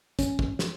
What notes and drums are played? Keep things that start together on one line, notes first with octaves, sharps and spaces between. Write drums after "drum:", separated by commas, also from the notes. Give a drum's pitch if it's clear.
C#4, drum: kick, hi-hat
drum: kick
drum: snare